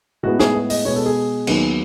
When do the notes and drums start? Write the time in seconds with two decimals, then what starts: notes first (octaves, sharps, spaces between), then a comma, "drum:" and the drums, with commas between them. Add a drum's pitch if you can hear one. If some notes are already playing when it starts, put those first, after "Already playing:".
0.23 A2 G#3 B3 F#4
0.39 G#4, drum: snare
0.54 B4
0.70 D#5, drum: open hi-hat
0.85 B2 G#3 B3 C#5
0.96 A4
1.06 G#4
1.47 D#2 D#3 F#3 B3, drum: cymbal